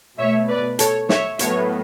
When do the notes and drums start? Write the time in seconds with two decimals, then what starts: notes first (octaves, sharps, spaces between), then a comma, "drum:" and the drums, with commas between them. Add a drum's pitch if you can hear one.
0.18 B2 A3 C#5 E5
0.49 B4 D5
0.79 A4 C#5, drum: hi-hat
1.09 C#5 E5, drum: snare
1.39 A2 F#3 B3 C#5 E5, drum: hi-hat